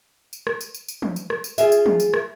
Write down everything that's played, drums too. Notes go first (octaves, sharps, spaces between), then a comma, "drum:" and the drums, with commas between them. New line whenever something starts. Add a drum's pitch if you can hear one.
drum: tambourine
drum: rim click
drum: tambourine
drum: tambourine
drum: tambourine
drum: tom
drum: tambourine
drum: rim click
drum: tambourine
F4 G#4 E5, drum: tambourine
drum: tambourine
drum: tom
drum: tambourine
drum: rim click